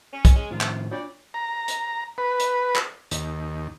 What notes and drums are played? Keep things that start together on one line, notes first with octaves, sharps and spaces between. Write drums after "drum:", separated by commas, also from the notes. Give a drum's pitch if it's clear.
C#4
drum: kick, hi-hat
G#4 D#5
A2 D#3 F3 F4
drum: clap
F#3 D4 F4 C#5 D5
A#5
drum: hi-hat
B4
drum: hi-hat
drum: clap
D#2, drum: hi-hat